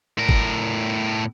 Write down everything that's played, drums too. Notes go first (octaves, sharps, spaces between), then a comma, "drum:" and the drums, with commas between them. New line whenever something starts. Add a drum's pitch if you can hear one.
A2 A#4
drum: kick